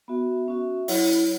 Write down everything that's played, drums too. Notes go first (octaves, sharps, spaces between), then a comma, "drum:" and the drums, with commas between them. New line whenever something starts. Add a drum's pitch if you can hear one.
B3 F#4 E5
C#4 F#4 E5
F#3 E4 C#5 F#5, drum: open hi-hat